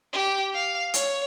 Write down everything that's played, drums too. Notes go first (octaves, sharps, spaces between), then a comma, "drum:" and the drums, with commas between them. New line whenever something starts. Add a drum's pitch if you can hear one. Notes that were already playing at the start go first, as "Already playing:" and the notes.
G4
F5
C#5, drum: hi-hat